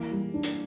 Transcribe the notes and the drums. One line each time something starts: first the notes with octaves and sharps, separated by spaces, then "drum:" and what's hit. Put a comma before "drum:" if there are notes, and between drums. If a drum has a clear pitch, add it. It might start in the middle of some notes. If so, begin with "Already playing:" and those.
Already playing: E3 A#3
G3
D4
drum: hi-hat